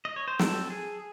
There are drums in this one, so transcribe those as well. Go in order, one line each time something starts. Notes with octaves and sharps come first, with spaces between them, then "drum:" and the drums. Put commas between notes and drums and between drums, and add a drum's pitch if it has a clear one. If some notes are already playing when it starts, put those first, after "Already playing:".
D#5
C#5
C5
F#3 C4 A4, drum: snare
G#4